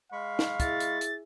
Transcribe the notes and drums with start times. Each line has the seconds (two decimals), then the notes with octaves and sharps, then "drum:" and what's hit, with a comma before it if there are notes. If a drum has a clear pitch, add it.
0.12 G#3 F5 B5 C#6
0.39 drum: snare
0.60 E4 G#4 E5 A6, drum: kick, hi-hat
0.80 drum: hi-hat
1.01 drum: hi-hat